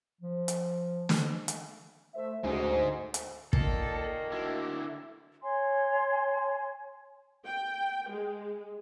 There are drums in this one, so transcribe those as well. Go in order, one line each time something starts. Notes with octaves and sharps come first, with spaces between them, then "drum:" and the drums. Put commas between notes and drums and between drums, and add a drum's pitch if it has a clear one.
F3
drum: hi-hat
drum: snare
drum: hi-hat
A3 C5 E5
D2 G#3 D#4 F#4 C5
drum: hi-hat
A#2 D#3 A#3 A4, drum: kick
D3 E4 F#4
C#5 G#5 C6
G5
G#3